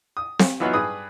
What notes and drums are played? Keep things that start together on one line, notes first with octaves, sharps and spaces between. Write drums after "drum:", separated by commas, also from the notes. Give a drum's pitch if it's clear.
D#6
drum: snare C4
E3 F#3 B3 D#4 F4 F#4
G2 G#4 B4 D#6